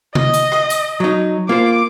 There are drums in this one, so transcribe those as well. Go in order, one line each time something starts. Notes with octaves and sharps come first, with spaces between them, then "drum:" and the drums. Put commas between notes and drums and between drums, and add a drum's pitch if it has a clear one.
D#5, drum: tom C3
drum: hi-hat
drum: rim click
drum: hi-hat
F#3 D#4
A#3 F4 C5 D6